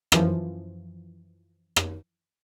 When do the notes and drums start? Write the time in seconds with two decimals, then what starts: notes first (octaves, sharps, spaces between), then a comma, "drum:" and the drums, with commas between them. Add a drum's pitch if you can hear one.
0.12 F#2 E3 F3, drum: rim click
1.76 drum: rim click